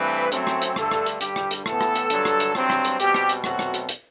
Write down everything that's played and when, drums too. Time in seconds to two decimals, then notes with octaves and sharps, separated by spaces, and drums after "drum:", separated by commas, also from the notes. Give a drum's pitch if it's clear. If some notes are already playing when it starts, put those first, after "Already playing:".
Already playing: G2 E3 A3 C4 B4
0.32 F#2 F#3 A3 C4, drum: hi-hat
0.47 drum: rim click
0.62 drum: hi-hat
0.76 G2 D3 A3 A4, drum: rim click
0.91 drum: rim click
1.06 drum: hi-hat
1.21 G2 D3 G3 G4, drum: hi-hat
1.36 drum: rim click
1.51 drum: hi-hat
1.66 A2 E3 B3 A4, drum: rim click
1.81 drum: rim click
1.96 drum: hi-hat
2.10 G2 D3 F#3, drum: hi-hat
2.25 drum: rim click
2.40 drum: hi-hat
2.55 G2 F#3 C4, drum: rim click
2.70 drum: rim click
2.85 drum: hi-hat
3.00 B2 G3 C4 G4, drum: hi-hat
3.14 drum: rim click
3.29 drum: hi-hat
3.44 B2 F#3 A3 C4 F#4, drum: rim click
3.59 drum: rim click
3.74 drum: hi-hat
3.89 drum: hi-hat